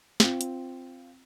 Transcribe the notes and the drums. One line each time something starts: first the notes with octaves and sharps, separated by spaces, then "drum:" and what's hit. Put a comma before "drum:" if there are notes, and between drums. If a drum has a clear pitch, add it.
C4 F4, drum: snare
drum: hi-hat